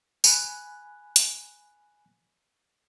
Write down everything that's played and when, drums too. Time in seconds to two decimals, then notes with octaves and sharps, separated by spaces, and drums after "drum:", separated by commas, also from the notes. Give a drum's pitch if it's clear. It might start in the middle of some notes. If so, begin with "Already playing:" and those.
0.24 G#5 B5 F#6, drum: tambourine
1.16 drum: hi-hat